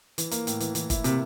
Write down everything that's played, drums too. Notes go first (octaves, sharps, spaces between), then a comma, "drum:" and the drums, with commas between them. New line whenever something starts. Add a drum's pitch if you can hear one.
E3, drum: hi-hat
A#3, drum: hi-hat
A2, drum: hi-hat
E3, drum: hi-hat
E3, drum: hi-hat
E4, drum: kick, hi-hat
C3 A#3, drum: hi-hat